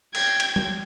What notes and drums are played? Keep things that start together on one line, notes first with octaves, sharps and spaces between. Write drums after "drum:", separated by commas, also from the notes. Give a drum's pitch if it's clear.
G5 G#6, drum: cymbal
drum: cymbal
drum: tom F#3